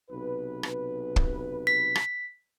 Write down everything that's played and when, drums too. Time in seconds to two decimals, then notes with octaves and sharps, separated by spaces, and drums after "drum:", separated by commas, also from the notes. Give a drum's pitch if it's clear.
0.10 B1 C3 B4
0.63 drum: rim click
1.16 drum: kick
1.67 B6
1.95 drum: rim click